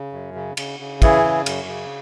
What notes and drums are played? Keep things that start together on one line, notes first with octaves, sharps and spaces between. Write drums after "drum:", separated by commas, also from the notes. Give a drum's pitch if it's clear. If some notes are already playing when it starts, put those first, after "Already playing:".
Already playing: C#3
F#2
C#3
C#3, drum: cymbal
C#3
E3 E4 G#4, drum: kick, cymbal
C#3
F#2, drum: cymbal
C#3